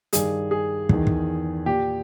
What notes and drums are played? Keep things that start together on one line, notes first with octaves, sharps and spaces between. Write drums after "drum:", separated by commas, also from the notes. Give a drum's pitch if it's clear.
G2 D#3 G#4, drum: hi-hat
G#4
E2 D#3, drum: kick
drum: kick
A#2 G4